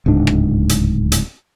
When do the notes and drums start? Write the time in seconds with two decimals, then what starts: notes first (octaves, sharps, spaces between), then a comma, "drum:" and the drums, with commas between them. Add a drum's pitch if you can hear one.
0.06 D1 C#2 G#2 D4
0.27 drum: rim click
0.69 drum: hi-hat
1.12 drum: hi-hat